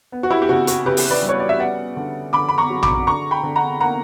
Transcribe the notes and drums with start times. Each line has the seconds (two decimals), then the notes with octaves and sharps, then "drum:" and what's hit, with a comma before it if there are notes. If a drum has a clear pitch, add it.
0.12 B3
0.23 F#4
0.30 E4 G4
0.42 G4
0.49 C#3 F#4
0.67 F#4, drum: hi-hat
0.86 C#3 G4 B4
0.97 drum: open hi-hat
1.10 B4 D5
1.23 G3
1.29 C#5
1.40 D5
1.49 E5
1.59 B3 D5 F#5
1.97 D3
2.33 D3 B5 D6
2.49 B5
2.58 A#5 C#6
2.70 F#3
2.83 B5 D6, drum: tom A#1
3.07 D3 A#5 C#6
3.31 G5 B5
3.43 D3
3.56 F#5 A#5
3.80 A#3 F#5 A#5